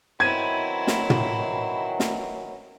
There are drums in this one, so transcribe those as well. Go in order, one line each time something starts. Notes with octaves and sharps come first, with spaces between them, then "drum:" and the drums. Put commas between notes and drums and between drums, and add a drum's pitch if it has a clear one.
D#3 E3 F#3 C4 E4 G#6 D#7
drum: snare
drum: tom
drum: snare